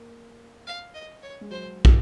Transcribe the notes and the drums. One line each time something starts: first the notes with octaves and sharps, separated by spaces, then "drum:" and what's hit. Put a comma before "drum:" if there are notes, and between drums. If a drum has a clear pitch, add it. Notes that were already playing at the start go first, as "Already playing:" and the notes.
Already playing: A#3
F5
D#5
C#5
G#3
F#3 C5
G#3, drum: kick